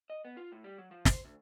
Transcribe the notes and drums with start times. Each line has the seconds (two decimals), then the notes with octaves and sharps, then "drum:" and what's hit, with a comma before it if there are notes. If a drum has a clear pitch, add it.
0.10 D#5
0.25 B3
0.37 F4
0.52 A2
0.64 G3
0.78 F#3
0.91 F3
1.05 C5, drum: snare
1.24 D2